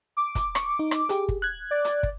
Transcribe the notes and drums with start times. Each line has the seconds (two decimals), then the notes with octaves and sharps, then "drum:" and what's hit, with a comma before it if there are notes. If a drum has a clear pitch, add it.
0.17 D6
0.35 drum: kick, hi-hat
0.55 C#6, drum: rim click
0.79 D#4
0.91 drum: rim click
1.09 G4 G#4, drum: hi-hat
1.29 drum: kick
1.42 F#6 G#6
1.71 D5
1.85 drum: hi-hat
2.03 drum: kick